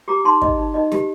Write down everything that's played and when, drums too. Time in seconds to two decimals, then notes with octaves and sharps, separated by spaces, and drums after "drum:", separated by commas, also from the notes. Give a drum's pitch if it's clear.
0.08 G4 A#5 D6
0.25 D#4 A5 C6
0.42 D#4 D#5, drum: kick
0.58 D#4
0.74 D#4 D#5
0.92 G4, drum: snare